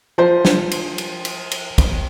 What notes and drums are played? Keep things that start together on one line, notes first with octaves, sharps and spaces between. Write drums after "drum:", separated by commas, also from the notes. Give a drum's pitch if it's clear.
F3 C5
drum: snare
drum: cymbal
drum: cymbal
drum: cymbal
drum: cymbal
drum: kick, cymbal